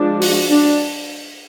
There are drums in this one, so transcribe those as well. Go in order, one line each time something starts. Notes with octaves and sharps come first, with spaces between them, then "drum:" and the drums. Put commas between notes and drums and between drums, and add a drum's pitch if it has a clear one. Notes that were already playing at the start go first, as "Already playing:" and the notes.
Already playing: F3 G#3 D4
F#4, drum: open hi-hat
D4